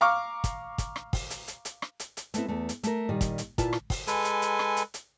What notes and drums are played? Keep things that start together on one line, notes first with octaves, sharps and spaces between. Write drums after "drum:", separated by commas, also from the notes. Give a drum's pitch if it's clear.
F5 A#5 C#6 D6 F6
drum: kick, hi-hat
drum: kick, hi-hat
drum: rim click
drum: kick, open hi-hat
drum: hi-hat
drum: hi-hat
drum: hi-hat
drum: rim click
drum: hi-hat
drum: hi-hat
A3 B3 C4 E4, drum: hi-hat
E2 A3
drum: hi-hat
A3 A#4, drum: hi-hat
A#2 D#3 G3
drum: kick, hi-hat
drum: hi-hat
A#2 E4 F4 B4 A5, drum: kick, hi-hat
drum: rim click
drum: kick, open hi-hat
G#3 A4 B4 G#5, drum: hi-hat
drum: hi-hat
drum: hi-hat
drum: rim click
drum: hi-hat
drum: hi-hat